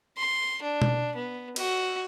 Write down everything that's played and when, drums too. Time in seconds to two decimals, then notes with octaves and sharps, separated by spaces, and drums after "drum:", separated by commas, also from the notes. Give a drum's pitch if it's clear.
0.18 C6
0.62 D4
0.82 drum: tom B2
1.16 B3
1.56 F#4, drum: cymbal